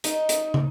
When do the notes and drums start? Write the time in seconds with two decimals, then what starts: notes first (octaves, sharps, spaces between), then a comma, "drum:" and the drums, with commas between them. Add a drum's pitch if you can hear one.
0.04 D#4, drum: hi-hat
0.29 drum: hi-hat
0.54 drum: tom